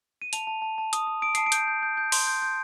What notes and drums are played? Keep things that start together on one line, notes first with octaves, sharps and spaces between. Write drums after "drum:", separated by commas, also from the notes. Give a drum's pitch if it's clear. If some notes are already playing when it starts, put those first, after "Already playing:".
D#7
A5 F7, drum: hi-hat
A5
A5
A5
D#6, drum: hi-hat
D#6
D#6 D7
A5 C7, drum: hi-hat
D7
G6, drum: hi-hat
G6
G6
G6
C6, drum: open hi-hat
G6
G6